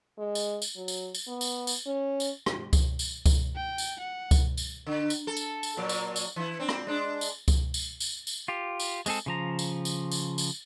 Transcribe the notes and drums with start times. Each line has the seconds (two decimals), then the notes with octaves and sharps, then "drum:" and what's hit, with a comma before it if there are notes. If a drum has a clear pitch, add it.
0.19 G#3
0.35 drum: tambourine
0.62 drum: tambourine
0.76 F#3
0.88 drum: tambourine
1.14 drum: tambourine
1.28 B3
1.41 drum: tambourine
1.67 drum: tambourine
1.86 C#4
2.20 drum: tambourine
2.46 drum: rim click
2.73 drum: kick C#2, tambourine
2.99 drum: tambourine
3.26 drum: kick C#2, tambourine
3.56 G5
3.78 drum: tambourine
4.00 F#5
4.31 drum: kick C#2, tambourine
4.57 drum: tambourine
4.86 D3
5.10 drum: tambourine
5.27 A4
5.37 drum: tambourine
5.63 drum: tambourine
5.77 A#2 F#3 D5
5.89 drum: tambourine
6.16 drum: tambourine
6.36 E3 E4
6.59 C4 D4
6.69 drum: rim click
6.87 G#3 D4
7.21 drum: tambourine
7.48 drum: kick C#2, tambourine
7.74 drum: tambourine
8.00 drum: tambourine
8.27 drum: tambourine
8.48 F4 G4
8.80 drum: tambourine
9.06 G#3 C4 G#4 A4, drum: tambourine
9.26 C#3 F3 A#5
9.59 drum: tambourine
9.85 drum: tambourine
10.12 drum: tambourine
10.38 drum: tambourine